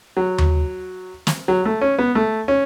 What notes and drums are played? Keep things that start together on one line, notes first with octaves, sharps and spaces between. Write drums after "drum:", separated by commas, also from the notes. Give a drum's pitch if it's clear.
F#3
drum: tom D#2
drum: snare
F#3
A3
C#4
B3
A3
C#4